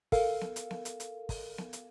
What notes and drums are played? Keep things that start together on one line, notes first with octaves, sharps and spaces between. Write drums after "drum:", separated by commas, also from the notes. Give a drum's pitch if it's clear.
A4 A#4 F5, drum: kick, open hi-hat
drum: snare B3
drum: hi-hat
drum: snare B3
drum: hi-hat
drum: hi-hat
drum: kick, open hi-hat
drum: snare B3
drum: hi-hat